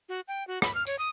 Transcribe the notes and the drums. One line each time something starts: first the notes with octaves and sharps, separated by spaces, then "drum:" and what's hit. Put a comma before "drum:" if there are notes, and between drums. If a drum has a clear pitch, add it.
F#4
G5
F#4
B5, drum: rim click
F6
C#5, drum: tambourine
D#6